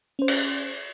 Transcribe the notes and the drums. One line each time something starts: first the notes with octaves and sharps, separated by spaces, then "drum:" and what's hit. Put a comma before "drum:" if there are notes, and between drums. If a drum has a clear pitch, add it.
C#4 C5
drum: cymbal